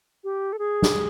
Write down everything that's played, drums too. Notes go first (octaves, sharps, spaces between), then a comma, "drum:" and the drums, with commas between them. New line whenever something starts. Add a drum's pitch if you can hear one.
G4
A4
G#4
drum: snare